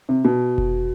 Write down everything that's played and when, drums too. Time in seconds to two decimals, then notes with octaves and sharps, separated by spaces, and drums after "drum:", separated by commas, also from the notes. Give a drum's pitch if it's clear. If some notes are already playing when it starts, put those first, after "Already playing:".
0.09 C3
0.25 B2
0.58 drum: kick F1